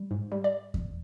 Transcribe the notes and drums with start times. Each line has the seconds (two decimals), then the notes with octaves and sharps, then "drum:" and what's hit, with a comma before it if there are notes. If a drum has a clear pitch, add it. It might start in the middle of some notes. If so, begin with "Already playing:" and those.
Already playing: G3
0.11 G#2
0.32 G3
0.44 D5
0.74 drum: kick E2